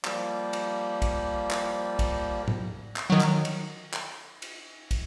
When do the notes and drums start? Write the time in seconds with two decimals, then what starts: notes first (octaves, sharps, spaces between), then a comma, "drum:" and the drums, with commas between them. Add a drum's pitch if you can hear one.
0.05 F3 G3 A#3, drum: clap
0.53 drum: cymbal
1.02 drum: kick, cymbal
1.50 drum: clap
1.99 drum: kick, cymbal
2.48 drum: tom
2.96 drum: clap
3.10 D#3 F#3
3.21 drum: clap
3.45 drum: cymbal
3.93 drum: clap
4.42 drum: cymbal
4.91 drum: kick, cymbal